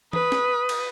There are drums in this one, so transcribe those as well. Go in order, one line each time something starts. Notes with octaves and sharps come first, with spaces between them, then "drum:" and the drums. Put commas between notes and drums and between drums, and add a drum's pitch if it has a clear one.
B4 D#6, drum: tom E3
drum: snare
drum: cymbal